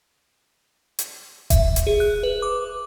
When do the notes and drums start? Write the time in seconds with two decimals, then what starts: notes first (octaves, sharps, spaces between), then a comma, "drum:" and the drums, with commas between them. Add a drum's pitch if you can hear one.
0.99 drum: hi-hat
1.50 E5, drum: kick D#1, hi-hat
1.76 drum: hi-hat
1.87 G#4
2.00 F#6
2.23 B4
2.42 D6